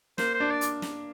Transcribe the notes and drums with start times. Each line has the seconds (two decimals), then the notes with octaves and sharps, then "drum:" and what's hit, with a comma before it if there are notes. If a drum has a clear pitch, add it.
0.18 A#3 C5, drum: snare
0.34 C5
0.40 D4
0.50 D5
0.61 drum: hi-hat
0.82 drum: snare